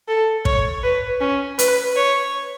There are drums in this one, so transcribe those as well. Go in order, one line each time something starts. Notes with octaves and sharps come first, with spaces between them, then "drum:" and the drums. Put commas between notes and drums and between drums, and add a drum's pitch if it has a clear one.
A4
C#5, drum: kick
B4
C#4
B4, drum: hi-hat
C#5